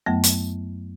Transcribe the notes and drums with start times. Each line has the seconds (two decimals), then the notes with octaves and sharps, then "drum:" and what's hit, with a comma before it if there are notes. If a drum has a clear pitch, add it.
0.06 F#2 F#3 A3 B3
0.24 drum: hi-hat